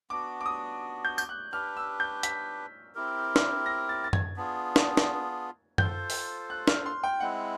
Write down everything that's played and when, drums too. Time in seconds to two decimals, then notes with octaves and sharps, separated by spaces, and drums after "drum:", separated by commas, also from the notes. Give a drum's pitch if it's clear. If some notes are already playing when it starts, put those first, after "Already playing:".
0.10 B3 D4 F#4 D6
0.40 D6
0.46 D#6
1.05 G6
1.18 G6, drum: tambourine
1.29 F#6
1.52 D4 G4 B4 F6
1.77 E6
2.00 G6
2.23 B6, drum: hi-hat
2.95 C4 E4 G4 A#4
3.36 drum: snare
3.66 A#6
3.89 A6
4.04 A6
4.13 G#6, drum: tom F#2
4.36 B3 D4 F4 G#4
4.76 drum: snare
4.97 drum: snare
5.78 F4 A4 C5 G6, drum: tom F#2
6.10 drum: open hi-hat
6.50 F#6
6.68 F6, drum: snare
6.86 C6
7.04 G5
7.20 G#3 C4 E4 F#5